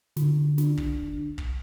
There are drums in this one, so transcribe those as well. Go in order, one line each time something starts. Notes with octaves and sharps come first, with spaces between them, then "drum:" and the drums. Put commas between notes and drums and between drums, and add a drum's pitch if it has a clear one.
D3, drum: snare
D4, drum: snare
drum: kick
drum: kick